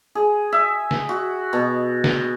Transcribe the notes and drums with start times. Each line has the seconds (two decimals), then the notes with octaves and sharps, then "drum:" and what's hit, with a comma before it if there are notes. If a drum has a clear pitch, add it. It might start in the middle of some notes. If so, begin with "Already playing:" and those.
0.15 G#4
0.52 E5
0.91 drum: snare
1.09 F#4
1.53 B2
2.04 drum: snare